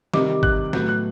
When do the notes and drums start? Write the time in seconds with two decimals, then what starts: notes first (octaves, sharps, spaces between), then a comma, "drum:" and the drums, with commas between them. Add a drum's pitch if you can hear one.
0.14 C3 D#3 G3 D6, drum: snare
0.43 F#6, drum: kick
0.73 A2 F#3 B3 G6, drum: snare
0.89 F#6